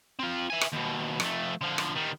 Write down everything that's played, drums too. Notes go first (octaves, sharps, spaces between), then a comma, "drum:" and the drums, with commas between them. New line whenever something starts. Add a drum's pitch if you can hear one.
C4 F4
E5 G#5
drum: rim click
D#2 B2
F2 A3, drum: rim click
D3 F3
drum: rim click
D#3 G3